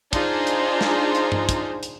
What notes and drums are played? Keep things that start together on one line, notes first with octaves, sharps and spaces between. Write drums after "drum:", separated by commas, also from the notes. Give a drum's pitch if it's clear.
D4 D#4 F4 G#4 C5, drum: kick, hi-hat
drum: hi-hat
drum: snare
drum: hi-hat
drum: tom G2
drum: kick, hi-hat
drum: hi-hat